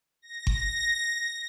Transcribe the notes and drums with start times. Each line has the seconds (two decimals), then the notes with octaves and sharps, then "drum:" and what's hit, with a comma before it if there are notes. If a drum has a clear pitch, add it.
0.22 A#6
0.47 drum: kick G1